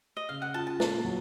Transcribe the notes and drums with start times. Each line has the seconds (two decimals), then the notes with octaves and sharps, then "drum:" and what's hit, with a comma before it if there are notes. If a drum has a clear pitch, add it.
0.17 D#5
0.29 C#3 F5
0.42 F#5
0.54 F4 A5
0.67 A5
0.80 A#2 A5, drum: snare
1.05 F#3